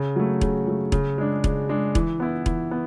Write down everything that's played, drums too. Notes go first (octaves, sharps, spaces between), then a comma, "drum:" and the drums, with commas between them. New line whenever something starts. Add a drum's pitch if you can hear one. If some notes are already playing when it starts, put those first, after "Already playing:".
Already playing: C#3
F#3 A3
C#3, drum: kick E1
F#3 A3
C#3, drum: kick E1
G#3 D4
C#3, drum: kick E1
G#3 D4
E3, drum: kick E1
B3 E4
E3, drum: kick E1
B3